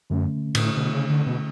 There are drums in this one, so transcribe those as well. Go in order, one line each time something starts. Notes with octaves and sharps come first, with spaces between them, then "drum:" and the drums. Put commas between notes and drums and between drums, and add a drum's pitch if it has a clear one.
F#2 D3 A3 C#4
A2, drum: cymbal
B2 D3 A3 C#4
C#3
D3
B2